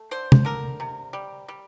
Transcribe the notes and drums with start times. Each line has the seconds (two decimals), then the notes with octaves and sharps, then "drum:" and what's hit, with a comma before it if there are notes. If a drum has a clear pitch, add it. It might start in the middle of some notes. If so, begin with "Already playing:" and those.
Already playing: A3
0.11 D3 C5
0.32 drum: tom
0.45 D3 A#4
0.80 C3
1.13 G3
1.48 G3